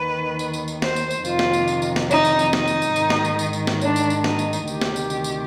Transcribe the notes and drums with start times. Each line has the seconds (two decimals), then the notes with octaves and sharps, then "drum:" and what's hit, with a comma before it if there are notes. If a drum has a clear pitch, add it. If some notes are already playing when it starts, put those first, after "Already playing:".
Already playing: D#2 D#3 B4
0.39 drum: tambourine
0.53 drum: tambourine
0.68 drum: tambourine
0.82 C5, drum: snare
0.96 drum: tambourine
1.11 drum: tambourine
1.25 F2 C3 D#3 F4, drum: tambourine
1.39 drum: snare
1.53 drum: tambourine
1.68 drum: tambourine
1.82 drum: tambourine
1.96 drum: snare
2.11 D#4, drum: tambourine
2.25 drum: tambourine
2.39 drum: tambourine
2.53 D#4, drum: snare
2.67 drum: tambourine
2.82 drum: tambourine
2.96 G#2 D#3, drum: tambourine
3.10 drum: snare
3.25 drum: tambourine
3.39 drum: tambourine
3.53 drum: tambourine
3.67 drum: snare
3.81 D4, drum: tambourine
3.96 drum: tambourine
4.10 drum: tambourine
4.24 D#4, drum: snare
4.39 drum: tambourine
4.53 drum: tambourine
4.67 D2 C3 D#3 G4, drum: tambourine
4.82 drum: snare
4.96 drum: tambourine
5.10 drum: tambourine
5.24 drum: tambourine